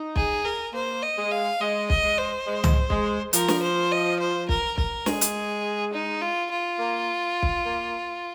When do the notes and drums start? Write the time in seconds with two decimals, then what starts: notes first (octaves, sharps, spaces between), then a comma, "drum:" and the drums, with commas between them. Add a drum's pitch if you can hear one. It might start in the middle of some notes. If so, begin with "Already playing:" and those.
Already playing: D#4
0.16 G#4, drum: kick B1
0.45 A#4
0.74 A#3 C5
1.02 D#5
1.17 G#3
1.31 F5
1.61 G#3 D#5
1.90 D#5, drum: kick B1
2.03 G#3
2.18 C5
2.47 G#3
2.64 drum: tom
2.90 G#3, drum: kick B1
3.33 F3 A#4, drum: hi-hat
3.48 drum: snare
3.62 C5
3.91 D#5
4.19 C5
4.49 A#4, drum: kick B1
4.78 A#4, drum: kick B1
5.06 G#3 G#4, drum: snare
5.21 drum: hi-hat
5.93 D#4
6.21 F4
6.51 F4
6.79 A#3
7.43 drum: kick B1
7.65 A#3